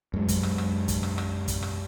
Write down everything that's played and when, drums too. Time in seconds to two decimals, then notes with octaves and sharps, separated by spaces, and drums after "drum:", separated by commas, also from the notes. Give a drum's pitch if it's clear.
0.14 F#2 G#3
0.28 drum: kick, hi-hat
0.43 drum: rim click
0.58 drum: rim click
0.88 drum: kick, hi-hat
1.03 drum: rim click
1.18 drum: rim click
1.48 drum: kick, hi-hat
1.63 drum: rim click